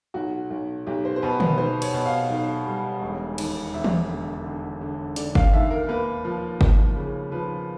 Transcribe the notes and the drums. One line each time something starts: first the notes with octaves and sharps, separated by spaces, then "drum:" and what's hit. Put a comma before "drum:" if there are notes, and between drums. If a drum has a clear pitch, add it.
B1 F#4
B1
B1 G4
C5
C5
B2 B4
B4, drum: tom D3
B1 C5
C#5, drum: cymbal
B2
F5
B1
G3
E1
D#2, drum: cymbal
E1 E5
drum: tom E3
D3
D3
D3
D3 D5, drum: hi-hat
F5, drum: kick G1
D#2 E5
A#4
A#3 B4
F3
F3, drum: kick G1
C#3
F3 B4